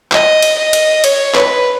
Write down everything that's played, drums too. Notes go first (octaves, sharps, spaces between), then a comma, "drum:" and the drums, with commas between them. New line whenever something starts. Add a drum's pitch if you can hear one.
D#5, drum: clap
drum: cymbal
D#5
drum: cymbal
C#5, drum: cymbal
B4, drum: clap